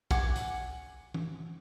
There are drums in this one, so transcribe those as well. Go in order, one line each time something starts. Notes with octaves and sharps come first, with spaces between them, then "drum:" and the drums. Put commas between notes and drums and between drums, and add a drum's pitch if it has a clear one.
F#5 G#5 D6, drum: kick
drum: hi-hat
drum: tom E3